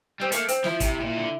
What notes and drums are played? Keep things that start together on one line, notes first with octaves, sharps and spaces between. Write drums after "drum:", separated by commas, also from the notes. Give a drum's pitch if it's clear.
G3 C4
A3 A#3, drum: hi-hat
C4, drum: hi-hat
F3 E4, drum: snare
C3, drum: kick, hi-hat
A2
A#2
D3